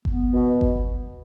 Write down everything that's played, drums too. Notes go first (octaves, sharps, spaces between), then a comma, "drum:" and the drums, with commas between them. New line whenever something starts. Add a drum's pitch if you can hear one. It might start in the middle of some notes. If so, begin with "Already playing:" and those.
B3, drum: kick G1
B2
drum: kick G1